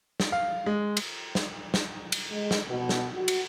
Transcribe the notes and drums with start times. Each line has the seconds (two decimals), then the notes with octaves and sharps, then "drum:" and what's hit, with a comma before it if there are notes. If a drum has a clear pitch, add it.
0.20 drum: snare
0.32 F5
0.66 G#3
0.97 drum: cymbal
1.35 drum: snare
1.74 drum: snare
2.12 drum: cymbal
2.32 G#3
2.51 drum: snare
2.69 B2
2.89 drum: snare
3.15 F#4
3.28 drum: cymbal